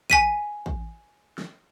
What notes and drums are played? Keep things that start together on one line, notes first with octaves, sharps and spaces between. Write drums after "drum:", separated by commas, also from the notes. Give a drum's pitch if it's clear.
G#5 B6 D#7, drum: kick
drum: kick
drum: snare